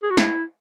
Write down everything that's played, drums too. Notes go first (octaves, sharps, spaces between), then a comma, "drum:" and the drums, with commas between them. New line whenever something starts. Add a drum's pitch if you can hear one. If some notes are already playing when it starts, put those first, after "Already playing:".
G#4
F#4
E4, drum: snare